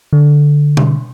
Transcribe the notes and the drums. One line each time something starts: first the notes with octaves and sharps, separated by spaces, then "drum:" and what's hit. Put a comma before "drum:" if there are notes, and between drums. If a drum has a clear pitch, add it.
D3
drum: tom B2